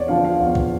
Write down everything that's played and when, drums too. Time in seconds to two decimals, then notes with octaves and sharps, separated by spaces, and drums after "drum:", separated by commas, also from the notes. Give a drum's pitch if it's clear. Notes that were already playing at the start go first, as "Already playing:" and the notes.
Already playing: E2 C#5 D5
0.08 D3 F3 F5
0.25 F5
0.40 E2
0.55 drum: kick B1